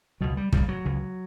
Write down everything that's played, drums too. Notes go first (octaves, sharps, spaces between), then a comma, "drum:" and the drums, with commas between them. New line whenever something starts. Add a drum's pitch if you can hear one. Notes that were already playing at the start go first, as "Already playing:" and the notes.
C#2 B2 F#3
G3
C#2 C#3 G3, drum: kick
F#3
C#2 C#3